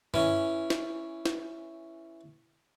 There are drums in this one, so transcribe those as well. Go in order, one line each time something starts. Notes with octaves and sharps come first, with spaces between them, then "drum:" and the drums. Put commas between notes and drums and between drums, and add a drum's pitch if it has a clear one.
E3 C#4, drum: tom
drum: snare
drum: snare